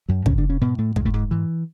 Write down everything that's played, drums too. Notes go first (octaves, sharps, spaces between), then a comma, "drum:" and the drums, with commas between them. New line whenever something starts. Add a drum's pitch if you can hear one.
F#2 F#3
G#2 C#3 C#4, drum: kick
D3 D4
C#3 C#4
G#2 B2 B3
A2 A3
E2 G#2 C#3 G#3, drum: kick
A2 A3
G#2 G#3
G#2 E3